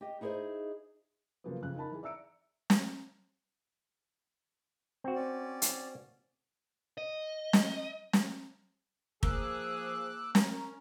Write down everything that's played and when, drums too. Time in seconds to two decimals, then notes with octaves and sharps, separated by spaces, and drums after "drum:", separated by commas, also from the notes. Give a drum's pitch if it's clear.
0.01 G4 D#5
0.21 D#4 E4 G#4 A#4 C5 D#5
1.44 C#3 F3 F#3 A#3 B3
1.62 F2 C#3 F#6
1.76 D#4 A#4 A5 B5
1.92 E3 G#4
2.03 D5 E5 A#5 E6 C#7 D7
2.70 drum: snare
5.04 C4 F#4
5.16 C#4 D5
5.62 drum: hi-hat
6.98 D#5
7.53 drum: snare
8.13 drum: snare
9.23 F3 A#3 G#4 D6 E6 F#6, drum: kick
10.35 C#4 A#4 A#5 G#6, drum: snare